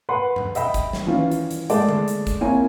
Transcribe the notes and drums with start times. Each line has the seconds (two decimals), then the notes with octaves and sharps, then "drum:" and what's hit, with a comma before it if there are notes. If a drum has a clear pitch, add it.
0.09 B4 F#5 B5 C6
0.36 drum: tom F#2
0.55 D#5 E5 G5 B5, drum: hi-hat
0.74 drum: kick, hi-hat
0.93 drum: snare
1.07 D#3 E3 C#4 F4
1.31 drum: hi-hat
1.51 drum: hi-hat
1.70 G#3 A3 D5 A5, drum: hi-hat
1.89 drum: tom D3
2.08 drum: hi-hat
2.27 drum: kick, hi-hat
2.41 A#3 C4 E4 A#4 C#5 G#5